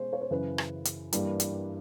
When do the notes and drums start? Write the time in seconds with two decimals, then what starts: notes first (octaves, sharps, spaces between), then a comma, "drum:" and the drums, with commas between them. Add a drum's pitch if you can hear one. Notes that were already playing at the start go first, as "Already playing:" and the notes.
Already playing: B2 G#3 C#4 C5
0.13 C#5
0.22 C5
0.31 F#2 C#3 E3 B4
0.58 drum: rim click
0.85 drum: hi-hat
1.13 G2 E3 G3 A#3, drum: hi-hat
1.40 drum: hi-hat